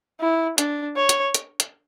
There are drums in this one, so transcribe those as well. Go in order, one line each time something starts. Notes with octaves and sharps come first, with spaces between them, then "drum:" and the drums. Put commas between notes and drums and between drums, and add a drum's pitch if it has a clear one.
E4
D4, drum: hi-hat
C#5
drum: hi-hat
drum: hi-hat
drum: hi-hat